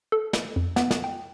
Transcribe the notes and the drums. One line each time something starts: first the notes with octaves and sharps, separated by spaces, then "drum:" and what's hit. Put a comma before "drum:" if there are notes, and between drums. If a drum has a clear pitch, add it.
A4
drum: snare
F2
B3, drum: snare
drum: snare
G5